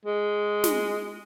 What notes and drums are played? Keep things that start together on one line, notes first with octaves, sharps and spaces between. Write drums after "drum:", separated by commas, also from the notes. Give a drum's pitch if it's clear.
G#3
drum: snare